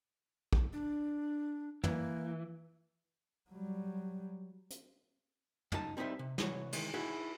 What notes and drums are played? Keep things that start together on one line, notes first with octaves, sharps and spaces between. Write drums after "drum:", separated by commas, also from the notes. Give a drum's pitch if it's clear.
drum: kick
D4
E3 A#3, drum: tom
F#3 G3
drum: hi-hat
C#2 D#4 G4 A5, drum: tom
G3 C4 D#4 E4 B4 E5
C3
C2 E3 F#4 C#5, drum: snare
D#3 E3 G#3, drum: cymbal
D#4 E4 F#4 G#4 B4